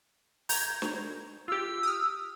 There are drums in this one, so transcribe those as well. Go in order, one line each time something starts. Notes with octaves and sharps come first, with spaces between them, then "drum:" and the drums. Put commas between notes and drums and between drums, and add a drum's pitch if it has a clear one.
A#5 G6 G#6, drum: open hi-hat
drum: snare
F4 G4 E6
D#6 F6